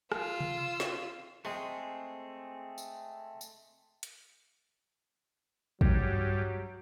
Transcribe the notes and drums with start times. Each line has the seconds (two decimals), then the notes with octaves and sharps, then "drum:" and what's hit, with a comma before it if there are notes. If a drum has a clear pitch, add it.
0.12 F4 E6, drum: rim click
0.40 drum: tom C3
0.80 drum: snare
1.45 G#3 A3 C4 G#4
2.78 drum: tambourine
3.41 drum: tambourine
4.03 drum: hi-hat
5.81 G2 F#3, drum: kick